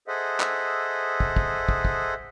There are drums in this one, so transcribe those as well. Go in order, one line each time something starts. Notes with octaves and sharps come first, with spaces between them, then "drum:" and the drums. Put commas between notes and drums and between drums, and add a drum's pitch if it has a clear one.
G#4 A4 C5 D#5 E5 F#5
drum: clap
drum: kick
drum: kick
drum: kick
drum: kick